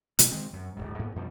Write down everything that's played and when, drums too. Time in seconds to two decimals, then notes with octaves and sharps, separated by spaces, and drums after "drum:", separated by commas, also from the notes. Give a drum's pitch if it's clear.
0.19 B2 F#3 G#3 A#3, drum: hi-hat
0.31 D#3 G#3 C4
0.53 F#2
0.76 D1 A#1 G#2
0.99 G#2 A#3 B3
1.16 F2 B2 F3 G3